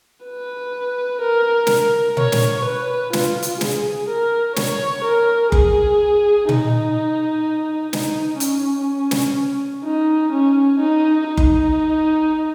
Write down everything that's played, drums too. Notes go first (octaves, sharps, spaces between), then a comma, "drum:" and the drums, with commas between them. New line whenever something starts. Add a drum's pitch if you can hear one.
B4
A#4
drum: snare
C#5, drum: tom A#2
drum: snare
B4
F4, drum: snare
drum: hi-hat
G#4, drum: snare
A#4
C#5, drum: snare
A#4
G#4, drum: kick F#1
D#4, drum: tom A#2
D#4, drum: snare
C#4, drum: hi-hat
drum: snare
D#4
C#4
D#4
D#4
drum: kick F#1